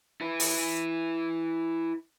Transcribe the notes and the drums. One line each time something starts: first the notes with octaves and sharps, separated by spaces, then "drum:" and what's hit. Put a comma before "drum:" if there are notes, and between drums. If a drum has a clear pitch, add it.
E4 B4
drum: open hi-hat